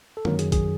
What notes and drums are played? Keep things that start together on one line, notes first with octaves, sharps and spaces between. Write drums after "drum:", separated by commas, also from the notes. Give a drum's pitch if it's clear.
A4
F#2 D#3 F#3 A#3 A#4, drum: tom F#2
G#4, drum: hi-hat
G#4, drum: kick A#1, hi-hat